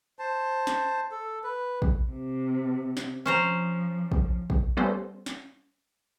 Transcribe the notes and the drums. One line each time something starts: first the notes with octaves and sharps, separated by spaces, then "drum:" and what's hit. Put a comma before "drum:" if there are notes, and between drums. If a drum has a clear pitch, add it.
C5 A5
drum: snare
A4
B4
drum: kick
C3
drum: snare
F3 C#4 C5 A#5
drum: kick
drum: kick
G3 A3 B3 C#4 C5
drum: snare